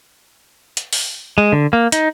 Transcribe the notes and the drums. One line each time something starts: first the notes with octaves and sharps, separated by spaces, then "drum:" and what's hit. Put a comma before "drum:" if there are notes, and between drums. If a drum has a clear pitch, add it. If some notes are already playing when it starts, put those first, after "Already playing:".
drum: hi-hat
drum: open hi-hat
G#3
D3
A#3
D#4, drum: hi-hat